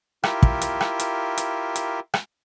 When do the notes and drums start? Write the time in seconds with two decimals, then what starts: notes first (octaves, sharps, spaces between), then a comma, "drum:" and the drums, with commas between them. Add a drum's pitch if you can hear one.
0.24 E4 F4 G4 A#4, drum: rim click
0.43 drum: kick
0.62 drum: hi-hat
0.81 drum: rim click
1.00 drum: hi-hat
1.38 drum: hi-hat
1.76 drum: hi-hat
2.14 drum: rim click